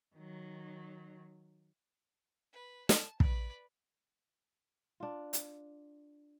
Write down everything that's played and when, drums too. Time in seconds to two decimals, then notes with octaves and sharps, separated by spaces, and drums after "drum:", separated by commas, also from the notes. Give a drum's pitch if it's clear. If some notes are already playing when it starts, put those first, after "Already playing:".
0.16 D#3 F#3
2.53 B4
2.89 A5, drum: snare
3.20 B4 D5, drum: kick
5.00 D4 F4
5.33 drum: hi-hat